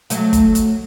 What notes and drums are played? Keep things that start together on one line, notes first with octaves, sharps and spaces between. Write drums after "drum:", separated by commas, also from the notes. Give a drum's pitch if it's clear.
F#3 A3, drum: hi-hat
drum: kick G1, hi-hat
drum: hi-hat